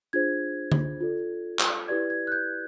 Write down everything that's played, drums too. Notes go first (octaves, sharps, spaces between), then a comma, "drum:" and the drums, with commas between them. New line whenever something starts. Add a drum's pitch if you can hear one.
D4 F4 G#4 C5 G#6
drum: tom D3
F4 A4 D5
drum: clap
E4 G4 B4 D5 G#6
G#6
F#6
G6